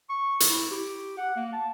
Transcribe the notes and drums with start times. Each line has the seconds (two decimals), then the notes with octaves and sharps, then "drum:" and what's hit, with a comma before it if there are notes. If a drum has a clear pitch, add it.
0.09 C#6
0.40 drum: hi-hat
0.50 E4
0.71 G4
1.18 F#5
1.36 A#3
1.52 A5